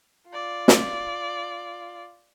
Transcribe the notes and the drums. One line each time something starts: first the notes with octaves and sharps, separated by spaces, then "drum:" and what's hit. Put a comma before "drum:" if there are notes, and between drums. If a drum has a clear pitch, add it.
F4 D5
drum: snare